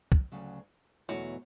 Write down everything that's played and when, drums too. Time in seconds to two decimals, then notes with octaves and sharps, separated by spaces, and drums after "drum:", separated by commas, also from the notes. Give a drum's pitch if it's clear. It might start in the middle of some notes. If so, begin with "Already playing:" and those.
0.12 drum: kick
0.32 D2 C#3 F#3
1.08 E2 B2 F#3 A3 E4